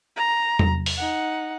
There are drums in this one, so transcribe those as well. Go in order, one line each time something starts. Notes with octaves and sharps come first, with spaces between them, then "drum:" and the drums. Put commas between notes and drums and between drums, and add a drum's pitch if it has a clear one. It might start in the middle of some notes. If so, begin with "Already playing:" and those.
A#5
drum: tom E2
drum: open hi-hat
D#4 F#5